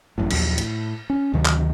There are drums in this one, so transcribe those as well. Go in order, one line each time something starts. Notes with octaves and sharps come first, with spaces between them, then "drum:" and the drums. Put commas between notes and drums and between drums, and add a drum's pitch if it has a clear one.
A1 F#2 A2
A#1 D#2 F#3, drum: cymbal
A2, drum: hi-hat
C#4
D2 C3 D#3 F#3
drum: clap